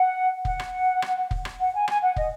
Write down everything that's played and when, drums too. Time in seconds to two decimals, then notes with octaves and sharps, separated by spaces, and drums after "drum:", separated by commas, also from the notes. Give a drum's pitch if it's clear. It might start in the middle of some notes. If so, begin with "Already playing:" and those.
Already playing: F#5
0.45 F#5, drum: kick
0.60 drum: rim click
1.02 drum: rim click
1.31 drum: kick
1.45 drum: rim click
1.59 F#5
1.74 G#5
1.88 G#5, drum: rim click
2.01 F#5
2.16 D#5, drum: kick